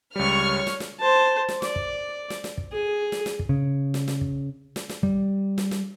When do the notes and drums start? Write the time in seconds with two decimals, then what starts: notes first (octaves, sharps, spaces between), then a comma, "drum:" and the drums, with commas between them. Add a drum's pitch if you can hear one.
0.16 C#2 G3 C#5 C#6 F6
0.67 drum: snare
0.80 drum: snare
1.00 C5 A5
1.48 drum: snare
1.62 D5, drum: snare
1.76 drum: kick
2.30 drum: snare
2.44 drum: snare
2.58 drum: kick
2.72 G#4
3.12 drum: snare
3.26 drum: snare
3.39 drum: kick
3.49 C#3
3.94 drum: snare
4.08 drum: snare
4.21 drum: kick
4.76 drum: snare
4.89 drum: snare
5.03 G3, drum: kick
5.58 drum: snare
5.71 drum: snare